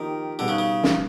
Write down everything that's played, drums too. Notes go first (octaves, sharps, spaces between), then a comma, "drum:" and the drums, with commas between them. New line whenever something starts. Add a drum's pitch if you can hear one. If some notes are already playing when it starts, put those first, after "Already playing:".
Already playing: D#3 F3 A#3 D#4 G4
B2 D3 G3 B3 D#4 G#4
C#3
C#3
drum: snare